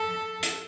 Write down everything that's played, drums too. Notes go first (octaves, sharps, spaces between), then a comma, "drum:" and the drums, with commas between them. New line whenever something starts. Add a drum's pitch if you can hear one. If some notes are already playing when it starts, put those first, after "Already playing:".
Already playing: A4
drum: hi-hat